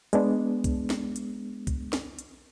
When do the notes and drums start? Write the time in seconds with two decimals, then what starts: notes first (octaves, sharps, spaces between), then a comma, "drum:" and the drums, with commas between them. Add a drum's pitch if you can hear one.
0.13 G#3 B3 D4, drum: hi-hat
0.64 drum: kick, hi-hat
0.90 drum: snare
1.16 drum: hi-hat
1.67 drum: kick, hi-hat
1.93 drum: snare
2.19 drum: hi-hat